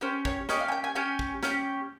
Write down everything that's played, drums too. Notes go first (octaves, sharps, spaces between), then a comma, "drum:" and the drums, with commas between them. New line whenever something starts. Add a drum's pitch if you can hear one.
C#4 G4 C5
C#5, drum: kick
C#4 G4 D#5, drum: snare
F5
G#5
G5
G#5
C#4 G4 G#5
drum: kick
C#4 G4, drum: snare